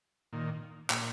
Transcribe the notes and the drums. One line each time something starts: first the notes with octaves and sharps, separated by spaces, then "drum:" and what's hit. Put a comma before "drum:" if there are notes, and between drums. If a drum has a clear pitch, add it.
A#2 D#3
A#2, drum: clap